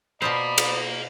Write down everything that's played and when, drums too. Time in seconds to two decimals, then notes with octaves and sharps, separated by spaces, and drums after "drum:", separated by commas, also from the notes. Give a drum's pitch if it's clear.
0.22 B2 F4 C5 D5 F5 A#5 B5 D#6
0.58 drum: cymbal